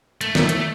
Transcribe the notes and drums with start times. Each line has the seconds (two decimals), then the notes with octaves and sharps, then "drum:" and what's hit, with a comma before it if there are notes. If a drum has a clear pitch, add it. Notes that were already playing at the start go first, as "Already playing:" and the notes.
0.21 A3, drum: hi-hat
0.35 drum: snare
0.49 drum: hi-hat